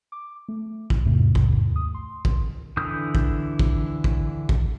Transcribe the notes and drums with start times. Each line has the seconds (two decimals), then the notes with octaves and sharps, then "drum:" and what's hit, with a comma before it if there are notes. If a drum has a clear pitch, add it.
0.12 D6
0.48 A3
0.90 drum: kick
1.05 E2 G#2 C3 A3
1.35 drum: kick
1.72 D#2 D#6
1.94 C6
2.25 drum: kick
2.77 D3 E3 E4 D#6 G6
3.15 drum: kick
3.59 drum: kick
4.04 drum: kick
4.49 drum: kick